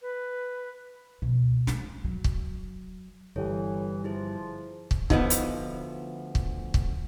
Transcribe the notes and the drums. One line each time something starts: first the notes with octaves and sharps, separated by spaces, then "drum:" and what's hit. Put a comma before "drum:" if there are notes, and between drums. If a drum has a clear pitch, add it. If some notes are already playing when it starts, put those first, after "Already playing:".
B4
C#2 B2
G#3, drum: snare
F#3
drum: kick
G1 E3 G3 E4 A4 C#5
F3 E4 F4 G#4 C5
drum: kick
D2 F3 B3 D#4 D#5, drum: kick
drum: hi-hat
drum: kick
drum: kick